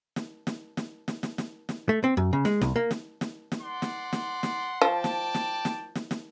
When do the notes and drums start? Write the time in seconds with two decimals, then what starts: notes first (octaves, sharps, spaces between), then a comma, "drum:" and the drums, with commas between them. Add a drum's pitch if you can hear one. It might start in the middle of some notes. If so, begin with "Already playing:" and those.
0.16 drum: snare
0.47 drum: snare
0.77 drum: snare
1.08 drum: snare
1.23 drum: snare
1.38 drum: snare
1.69 drum: snare
1.89 A3
2.04 C4
2.17 F#2
2.33 C#3
2.45 G#3, drum: snare
2.61 C2, drum: snare
2.76 A#3
2.91 drum: snare
3.21 drum: snare
3.52 drum: snare
3.62 D5 F#5 C6
3.82 drum: snare
4.13 drum: snare
4.43 drum: snare
4.82 F3 D5 G5 A5
5.04 drum: snare
5.34 drum: snare
5.65 drum: snare
5.95 drum: snare
6.11 drum: snare